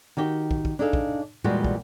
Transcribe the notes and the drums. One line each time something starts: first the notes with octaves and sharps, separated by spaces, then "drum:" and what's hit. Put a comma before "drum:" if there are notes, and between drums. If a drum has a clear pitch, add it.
D#3 F#4 G4 G5
drum: kick
drum: kick
D4 D#4 G#4 A4 F5
drum: kick
E2 A#2 G3 G#3 B3 F#4
drum: kick